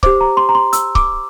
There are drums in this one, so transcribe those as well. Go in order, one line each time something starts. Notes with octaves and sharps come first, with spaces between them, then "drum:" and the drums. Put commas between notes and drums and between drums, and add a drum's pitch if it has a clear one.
G4 C5 D6, drum: kick C#1
A#5
C6
A#5
C6
E6, drum: hi-hat
D6, drum: kick C#1